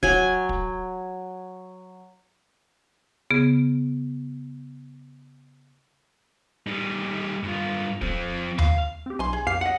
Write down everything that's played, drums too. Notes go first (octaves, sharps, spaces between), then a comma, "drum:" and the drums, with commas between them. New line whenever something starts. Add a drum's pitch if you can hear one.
F#3 G#5, drum: kick
drum: kick
C#3 B3 G#4
G3 D#4
G2 F4
F3 C4, drum: kick
F5, drum: tom D#2
C4 G4
B1 G#5 C6
G#4
F2 G4 F5 C7
D#5 F#5